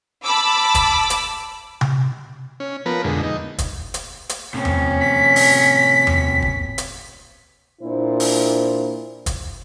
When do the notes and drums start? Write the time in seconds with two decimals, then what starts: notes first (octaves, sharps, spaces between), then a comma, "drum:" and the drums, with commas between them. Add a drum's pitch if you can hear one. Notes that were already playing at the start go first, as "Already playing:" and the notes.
0.24 A5 B5 D6 E6
0.75 drum: kick, hi-hat
1.10 drum: hi-hat
1.81 drum: tom C3
2.60 C#4
2.86 F3 B3 A#4 B4
3.04 F2 B2 D3 G#3
3.23 D#4
3.58 drum: kick, hi-hat
3.94 drum: hi-hat
4.29 drum: hi-hat
4.54 A2 C3 C#4
4.65 drum: tom E2
5.00 B6
5.36 drum: open hi-hat
6.07 drum: tom E2
6.42 drum: kick
6.78 drum: hi-hat
7.82 A#2 D4 E4 C5
8.20 drum: open hi-hat
9.26 drum: kick, hi-hat